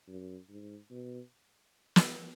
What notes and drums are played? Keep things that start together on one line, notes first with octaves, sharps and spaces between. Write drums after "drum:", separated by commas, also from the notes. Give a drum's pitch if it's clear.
F#2
G#2
B2
drum: snare